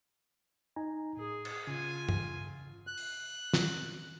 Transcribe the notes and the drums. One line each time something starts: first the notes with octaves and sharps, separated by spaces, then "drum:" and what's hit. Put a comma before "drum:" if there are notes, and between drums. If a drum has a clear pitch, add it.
D#4 G#5 A#5
A2 G#4
drum: cymbal
C#3 F4 G#5
drum: tom G2
F#6
drum: open hi-hat
drum: snare